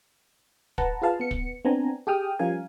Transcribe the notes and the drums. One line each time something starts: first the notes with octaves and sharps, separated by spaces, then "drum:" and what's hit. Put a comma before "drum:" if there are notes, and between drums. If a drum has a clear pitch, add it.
B4 F#5 A5 A#5, drum: kick
F4 G#4 B4 F5 A5 F6
B3 C#7
drum: kick
B3 C4 D4 G#5 A#5
G4 G#4 G5 D#6 F6
F3 G3 C#4 A#4 F5 G#5